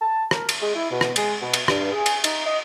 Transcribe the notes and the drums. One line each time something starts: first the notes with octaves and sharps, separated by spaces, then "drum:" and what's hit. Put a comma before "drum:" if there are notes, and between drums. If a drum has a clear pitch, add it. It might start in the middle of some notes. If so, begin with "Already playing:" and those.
A5
A#4, drum: rim click
drum: cymbal
G#3
E4
B2
drum: rim click
G#3, drum: cymbal
B2
drum: cymbal
G2, drum: rim click
G#4
drum: cymbal
D#4, drum: cymbal
D#5